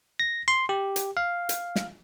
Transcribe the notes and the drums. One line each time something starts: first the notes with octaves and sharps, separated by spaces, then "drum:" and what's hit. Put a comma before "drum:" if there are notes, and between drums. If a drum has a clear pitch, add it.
A#6
C6
G4
drum: hi-hat
F5
drum: hi-hat
drum: snare